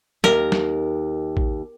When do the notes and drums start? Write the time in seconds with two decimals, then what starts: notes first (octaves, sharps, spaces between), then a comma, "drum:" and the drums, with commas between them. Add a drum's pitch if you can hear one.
0.24 D#2 A#4, drum: snare
0.52 drum: snare
1.37 drum: kick A1